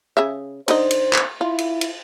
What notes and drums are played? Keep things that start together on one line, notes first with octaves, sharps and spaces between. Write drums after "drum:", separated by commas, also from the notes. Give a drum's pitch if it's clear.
C#3 G#4 E5
D3 D#4 C5 D#5, drum: cymbal
drum: cymbal
drum: clap
E4 F4
drum: cymbal
drum: cymbal